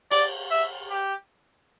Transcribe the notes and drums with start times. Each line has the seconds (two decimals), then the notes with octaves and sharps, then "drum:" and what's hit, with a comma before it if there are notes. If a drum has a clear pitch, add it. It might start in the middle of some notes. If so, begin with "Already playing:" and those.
0.11 D5, drum: cymbal
0.51 E5
0.90 G4